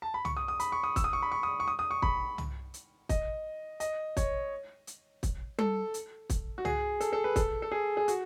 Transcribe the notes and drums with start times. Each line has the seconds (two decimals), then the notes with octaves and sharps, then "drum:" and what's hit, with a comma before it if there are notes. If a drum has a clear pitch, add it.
0.02 A5
0.14 B5
0.25 C#6, drum: tom
0.37 D#6
0.48 D#6
0.60 B5, drum: hi-hat
0.72 C#6
0.83 D#6
0.96 E6, drum: kick, hi-hat
1.04 D#6
1.13 C#6
1.22 B5
1.32 C#6
1.43 D#6
1.60 C#6
1.68 D#6
1.79 D#6
1.91 C#6
2.02 B5, drum: kick
2.38 drum: tom
2.74 drum: hi-hat
3.09 D#5, drum: kick, hi-hat
3.80 D#5, drum: hi-hat
4.17 C#5, drum: kick, hi-hat
4.87 drum: hi-hat
5.23 drum: kick, hi-hat
5.59 A4, drum: tom G3
5.94 drum: hi-hat
6.30 drum: kick, hi-hat
6.58 F#4
6.65 G#4, drum: tom
7.01 A4, drum: hi-hat
7.13 A4
7.24 B4
7.36 A4, drum: kick, hi-hat
7.62 A4
7.72 G#4
7.97 G#4
8.08 F#4, drum: hi-hat